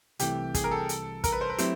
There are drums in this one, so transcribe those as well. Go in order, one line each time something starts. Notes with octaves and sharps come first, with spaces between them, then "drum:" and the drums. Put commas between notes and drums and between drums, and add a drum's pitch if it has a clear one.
C2 C3 E3 A3 G4, drum: hi-hat
G#4, drum: kick, hi-hat
A#4
A4
drum: hi-hat
A#4, drum: kick, hi-hat
B4
C5
B4
F#3 A3 C4 E4 G4 C5, drum: hi-hat